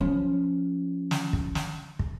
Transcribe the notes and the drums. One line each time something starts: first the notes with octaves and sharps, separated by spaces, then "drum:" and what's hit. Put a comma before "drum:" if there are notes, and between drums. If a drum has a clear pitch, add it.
F3 C#4
drum: snare
drum: kick
drum: snare
drum: kick